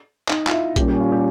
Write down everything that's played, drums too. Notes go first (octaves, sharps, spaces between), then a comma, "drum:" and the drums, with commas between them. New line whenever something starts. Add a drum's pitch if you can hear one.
D#4, drum: clap
F4, drum: clap
E4
A#2 G3 A#3 C#4 G4, drum: kick A#1, hi-hat
G4
F4
G4